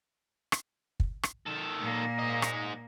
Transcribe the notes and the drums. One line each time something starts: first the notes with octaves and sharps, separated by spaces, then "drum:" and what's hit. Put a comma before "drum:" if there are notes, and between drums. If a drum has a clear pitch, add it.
drum: rim click
drum: kick
drum: rim click
D#3 A4
A#2 A#3
G#2 D#5
drum: rim click